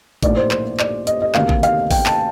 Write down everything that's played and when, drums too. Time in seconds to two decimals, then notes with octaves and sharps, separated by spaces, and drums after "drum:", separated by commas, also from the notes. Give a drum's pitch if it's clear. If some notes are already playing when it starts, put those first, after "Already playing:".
0.23 A#1 A2 G3 A#3 D#4 D5, drum: kick A1, hi-hat
0.37 C5
0.51 C5, drum: clap
0.79 D5, drum: clap
1.07 D#5, drum: hi-hat
1.22 D#5
1.35 D2 C3 D#3 A#3 F5, drum: clap
1.49 drum: kick A1
1.63 F5, drum: hi-hat
1.91 G5, drum: kick A1, open hi-hat
2.06 A5, drum: clap